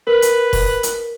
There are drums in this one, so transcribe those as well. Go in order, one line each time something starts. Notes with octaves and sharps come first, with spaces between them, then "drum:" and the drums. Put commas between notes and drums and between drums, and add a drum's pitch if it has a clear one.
A#4 B4
drum: hi-hat
drum: kick F1, open hi-hat
drum: hi-hat